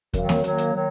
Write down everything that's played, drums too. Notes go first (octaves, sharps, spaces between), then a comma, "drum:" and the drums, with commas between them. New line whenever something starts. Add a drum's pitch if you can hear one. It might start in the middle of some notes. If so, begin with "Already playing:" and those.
F#2 D#3 F#3 A#3, drum: kick E2, hi-hat
drum: snare A#3
F#2 D#3 F#3 A#3, drum: hi-hat
drum: hi-hat
D#3 F#3